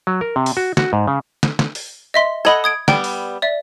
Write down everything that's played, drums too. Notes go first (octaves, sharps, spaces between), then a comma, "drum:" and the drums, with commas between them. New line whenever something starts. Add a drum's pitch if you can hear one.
F#3
A#4
C3
drum: open hi-hat
F#4
F#4, drum: snare
G#2
C#3
drum: snare
drum: snare
drum: open hi-hat
D#5 E5 C6
A4 D#5 F#5 B5 G#6
D#6 G#6 D7
G3 B3 G5, drum: snare
drum: open hi-hat
D5 E5